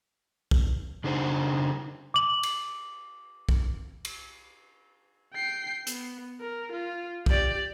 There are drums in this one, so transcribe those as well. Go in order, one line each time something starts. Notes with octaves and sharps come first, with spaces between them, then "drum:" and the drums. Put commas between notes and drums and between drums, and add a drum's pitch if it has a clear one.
drum: kick
C#3 D4 D#4 C5 F#5
D6 F#7
drum: cymbal
drum: kick
drum: cymbal
G5 C7
B3, drum: hi-hat
A#4
F4
G4 D5, drum: kick